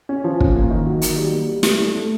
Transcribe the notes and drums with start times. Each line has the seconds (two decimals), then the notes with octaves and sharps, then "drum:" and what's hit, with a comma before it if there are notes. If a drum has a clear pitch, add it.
0.09 C#4
0.24 F3
0.40 C#4, drum: kick
0.56 A#3
0.70 D#3
0.86 F#3
1.02 D#3, drum: hi-hat
1.17 G3
1.33 A#3
1.48 G3
1.63 G3, drum: snare
1.78 A3
1.95 A3